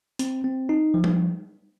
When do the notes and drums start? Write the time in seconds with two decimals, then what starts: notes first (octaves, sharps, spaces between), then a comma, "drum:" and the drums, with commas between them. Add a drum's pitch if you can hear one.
0.19 C4, drum: hi-hat
0.44 C4
0.69 D#4
0.94 F3
1.04 drum: tom G3